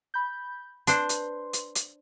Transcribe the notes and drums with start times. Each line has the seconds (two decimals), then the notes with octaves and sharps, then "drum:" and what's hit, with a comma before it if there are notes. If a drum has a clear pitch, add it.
0.14 B5 G6
0.87 D4 B4 C5 C6, drum: hi-hat
1.09 drum: hi-hat
1.53 drum: hi-hat
1.75 drum: hi-hat